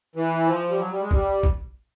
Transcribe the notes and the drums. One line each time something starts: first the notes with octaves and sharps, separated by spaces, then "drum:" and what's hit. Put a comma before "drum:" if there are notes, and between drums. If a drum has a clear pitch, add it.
E3
F3
G3
F#3
G3
G#3
G3, drum: kick
drum: kick